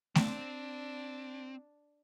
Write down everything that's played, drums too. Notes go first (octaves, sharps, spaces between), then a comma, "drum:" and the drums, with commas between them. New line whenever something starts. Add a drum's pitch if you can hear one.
C4 D4, drum: snare A3